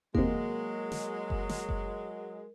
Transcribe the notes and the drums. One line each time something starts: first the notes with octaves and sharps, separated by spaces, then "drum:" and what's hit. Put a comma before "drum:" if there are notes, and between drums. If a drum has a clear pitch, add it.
E2 C3 F#3 G#3 A#3 A#4, drum: kick F#1
drum: snare
drum: kick F#1
drum: snare
drum: kick F#1